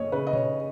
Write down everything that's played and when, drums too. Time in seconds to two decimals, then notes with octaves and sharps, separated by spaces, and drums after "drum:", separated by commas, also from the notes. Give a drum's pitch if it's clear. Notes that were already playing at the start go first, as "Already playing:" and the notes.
Already playing: F#1 C#5 D#5
0.12 C#3 B4
0.27 D#5
0.33 C#5, drum: tom A#2